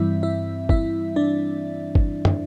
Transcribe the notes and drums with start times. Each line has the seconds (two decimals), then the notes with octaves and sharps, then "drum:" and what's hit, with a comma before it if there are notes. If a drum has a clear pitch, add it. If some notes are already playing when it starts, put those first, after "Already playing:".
Already playing: G2 E3 G3 C4 E4 E5
0.23 E4 E5
0.69 E4 E5, drum: kick G1
1.16 D4 D5
1.95 drum: kick G1
2.25 drum: tom